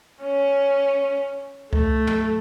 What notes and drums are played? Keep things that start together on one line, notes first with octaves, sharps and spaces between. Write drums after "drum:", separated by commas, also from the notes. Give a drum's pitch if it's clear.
C#4
A3, drum: kick C2
drum: tom